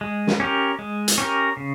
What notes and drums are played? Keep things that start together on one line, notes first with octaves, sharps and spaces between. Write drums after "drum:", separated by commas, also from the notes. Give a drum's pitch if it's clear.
G#3
drum: snare
C#4 G4 A#4
G#3
drum: hi-hat
C#4 G4 A#4
C#3